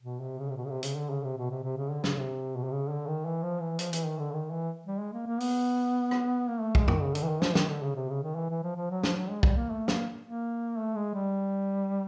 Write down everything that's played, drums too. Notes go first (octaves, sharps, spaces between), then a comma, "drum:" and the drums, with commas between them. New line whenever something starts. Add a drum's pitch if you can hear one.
B2
C3
C#3
C3
B2
C#3
C3
C#3, drum: hi-hat
D3
C#3
C3
B2
C3
C3
C#3
D3
C#3, drum: snare
C3
B2
C3
C#3
D3
D#3
E3
F3
E3
F3, drum: hi-hat
E3, drum: hi-hat
D#3
D3
D#3
E3
G3
G#3
A#3
A#3
B3, drum: open hi-hat
drum: rim click
A#3
A3
G#3, drum: kick
D#3, drum: tom F#2
C#3
D3, drum: hi-hat
E3
D#3
F3, drum: snare
D#3, drum: snare
D3
C#3
C3
C#3
D#3
E3
E3
F3
F3
F#3
F3, drum: snare
F#3
G#3
G3, drum: kick
A#3
A3
A#3, drum: snare
A#3
A3
G#3
G3